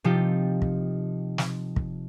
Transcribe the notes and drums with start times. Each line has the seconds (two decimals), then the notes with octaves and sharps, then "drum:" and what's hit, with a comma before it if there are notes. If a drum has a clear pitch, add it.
0.04 C3 F3 D#4 F4 G4
0.62 drum: kick
1.38 drum: snare
1.76 drum: kick